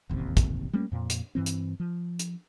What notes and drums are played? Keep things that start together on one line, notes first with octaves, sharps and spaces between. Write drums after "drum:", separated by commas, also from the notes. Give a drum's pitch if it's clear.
E1 A1 D#2 C3
drum: kick, hi-hat
G3 A3 A#3 C#4
F2 A#2
drum: hi-hat
G2 E3 C4
drum: hi-hat
F3
drum: hi-hat